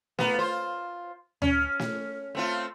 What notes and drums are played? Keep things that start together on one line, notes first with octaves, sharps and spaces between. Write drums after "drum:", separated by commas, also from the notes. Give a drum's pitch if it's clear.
A#3 B3, drum: snare
F4 C5
C#4, drum: tom D2
drum: snare
A3 C4 F4